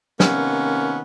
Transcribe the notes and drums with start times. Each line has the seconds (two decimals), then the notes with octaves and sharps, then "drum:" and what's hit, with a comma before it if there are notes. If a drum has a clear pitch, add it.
0.20 C3 D#3 A#3 B3 C#4, drum: snare